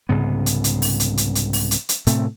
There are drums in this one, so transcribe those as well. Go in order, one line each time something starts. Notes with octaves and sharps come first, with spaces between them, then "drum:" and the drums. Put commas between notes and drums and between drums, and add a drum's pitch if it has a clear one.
C2 G#2 C#3 B3
drum: hi-hat
drum: hi-hat
drum: open hi-hat
drum: hi-hat
drum: hi-hat
drum: hi-hat
drum: open hi-hat
drum: hi-hat
drum: hi-hat
A2 C3 A3 C4, drum: hi-hat